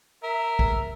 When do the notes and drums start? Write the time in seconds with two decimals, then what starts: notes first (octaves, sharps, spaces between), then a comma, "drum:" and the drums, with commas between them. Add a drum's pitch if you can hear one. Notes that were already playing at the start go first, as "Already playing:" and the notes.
0.23 A#4 E5
0.59 drum: kick